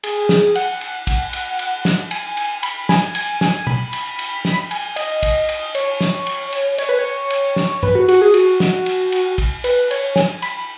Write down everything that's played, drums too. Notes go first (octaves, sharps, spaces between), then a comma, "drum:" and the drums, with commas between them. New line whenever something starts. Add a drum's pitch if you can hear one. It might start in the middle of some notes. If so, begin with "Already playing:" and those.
G#4, drum: cymbal
drum: snare
F#5, drum: cymbal
drum: cymbal
drum: kick, cymbal
drum: cymbal
drum: cymbal
drum: snare
G#5, drum: cymbal
drum: cymbal
B5, drum: cymbal
G#5, drum: snare
G#5, drum: cymbal
G#5, drum: snare
B5, drum: tom
drum: cymbal
drum: cymbal
drum: snare
G#5, drum: cymbal
D#5, drum: cymbal
drum: kick, cymbal
drum: cymbal
C#5, drum: cymbal
drum: snare
drum: cymbal
drum: cymbal
C#5, drum: cymbal
B4
C#5
drum: cymbal
drum: snare
B4, drum: tom G2
F#4
F#4, drum: cymbal
G#4
F#4, drum: cymbal
drum: snare
drum: cymbal
drum: cymbal
drum: kick, cymbal
B4, drum: cymbal
C#5, drum: cymbal
G#5, drum: snare
B5, drum: cymbal